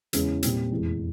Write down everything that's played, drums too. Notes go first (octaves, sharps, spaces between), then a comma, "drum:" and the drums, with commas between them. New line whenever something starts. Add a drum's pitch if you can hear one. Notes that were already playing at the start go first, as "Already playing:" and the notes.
E2 C#3 E3 G#3, drum: hi-hat
A#2 G3 C4, drum: hi-hat
F1 E2 E3 G#3